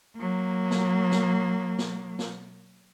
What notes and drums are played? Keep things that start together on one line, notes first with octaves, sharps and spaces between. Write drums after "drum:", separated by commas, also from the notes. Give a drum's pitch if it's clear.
F#3 A#3
drum: snare
drum: snare
drum: snare
drum: snare